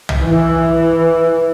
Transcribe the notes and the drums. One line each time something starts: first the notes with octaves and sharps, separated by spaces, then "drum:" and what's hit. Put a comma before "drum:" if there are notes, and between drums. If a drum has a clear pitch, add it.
drum: tom B1
E3